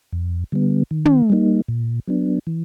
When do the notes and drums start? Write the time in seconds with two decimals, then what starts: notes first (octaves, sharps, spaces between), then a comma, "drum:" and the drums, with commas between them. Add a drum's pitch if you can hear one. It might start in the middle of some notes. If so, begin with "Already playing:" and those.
0.13 F2
0.52 D3 G3 B3
0.91 D#3
1.05 drum: tom
1.30 G3 A#3 D#4
1.68 A#2
2.07 F#3 B3 D4
2.47 E3